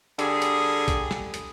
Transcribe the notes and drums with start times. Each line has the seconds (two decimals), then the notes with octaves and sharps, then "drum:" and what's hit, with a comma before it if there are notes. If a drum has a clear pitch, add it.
0.19 D3 G3 G#4, drum: hi-hat
0.42 drum: hi-hat
0.88 drum: kick A#1, hi-hat
1.11 drum: snare
1.34 drum: hi-hat